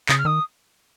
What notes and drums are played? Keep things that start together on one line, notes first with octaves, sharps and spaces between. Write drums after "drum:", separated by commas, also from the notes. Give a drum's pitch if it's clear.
C#3 D#6, drum: clap
F6
D#3 D#6